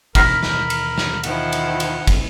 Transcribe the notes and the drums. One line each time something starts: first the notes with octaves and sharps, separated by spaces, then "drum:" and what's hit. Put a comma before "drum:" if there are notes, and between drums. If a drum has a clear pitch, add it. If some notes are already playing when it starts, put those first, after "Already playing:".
D#2 B2 E3 A#4 B5 F6 A#6 B6, drum: kick, cymbal
drum: snare
drum: cymbal
drum: snare
D#3 F3 E4 F#5, drum: cymbal
drum: cymbal
drum: cymbal
drum: kick, cymbal